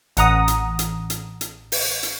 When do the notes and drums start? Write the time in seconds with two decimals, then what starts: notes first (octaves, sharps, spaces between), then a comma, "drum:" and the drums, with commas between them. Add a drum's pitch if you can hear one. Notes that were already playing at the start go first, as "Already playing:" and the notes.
0.17 A1 F#5 A#5 D#6, drum: hi-hat
0.48 drum: hi-hat
0.79 drum: hi-hat
1.10 drum: hi-hat
1.41 drum: hi-hat
1.72 drum: open hi-hat
2.03 drum: hi-hat